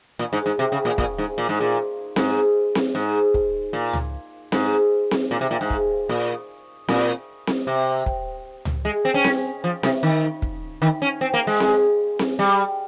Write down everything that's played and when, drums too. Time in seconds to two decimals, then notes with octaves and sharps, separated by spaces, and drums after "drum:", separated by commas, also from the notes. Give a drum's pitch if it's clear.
0.19 A#2
0.33 G#2
0.46 G#2
0.59 C3
0.72 C#3
0.85 A#2
0.98 A#2, drum: kick
1.18 G#2
1.38 A#2
1.49 G#2
1.60 A#2
2.16 G#2, drum: snare C4
2.75 drum: snare C4
2.95 G#2
3.34 drum: kick
3.73 A#2
3.93 drum: tom C#2
4.52 G#2, drum: snare C4
5.11 drum: snare C4
5.31 A#2
5.41 C3
5.51 A#2
5.61 G#2
5.70 drum: kick
6.09 A#2
6.88 A#2, drum: snare C4
7.47 drum: snare C4
7.67 C3
8.06 drum: kick
8.65 drum: tom C#2
8.85 G#3
9.05 C4
9.14 C#4
9.24 drum: snare C4
9.64 F3
9.83 C3, drum: snare C4
10.03 D#3
10.42 drum: kick
10.82 D#3
11.02 C#4
11.21 C4
11.34 A#3
11.47 G#3
11.60 drum: snare C4
12.19 drum: snare C4
12.39 G3